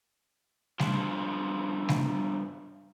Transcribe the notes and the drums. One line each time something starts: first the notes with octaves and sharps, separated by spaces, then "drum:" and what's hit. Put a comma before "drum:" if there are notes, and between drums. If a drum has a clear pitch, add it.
G2 F3, drum: snare G3
drum: snare G3